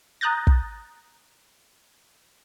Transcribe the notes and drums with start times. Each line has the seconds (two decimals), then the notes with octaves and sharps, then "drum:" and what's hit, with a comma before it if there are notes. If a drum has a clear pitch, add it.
0.21 A#5 D#6 F#6 G6 A6 A#6
0.47 drum: kick